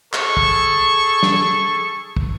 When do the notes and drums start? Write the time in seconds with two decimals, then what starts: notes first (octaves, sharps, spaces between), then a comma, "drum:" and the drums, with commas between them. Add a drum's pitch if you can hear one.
0.14 G#4 A4 C#6, drum: clap
0.37 drum: kick
1.23 drum: snare
2.17 drum: kick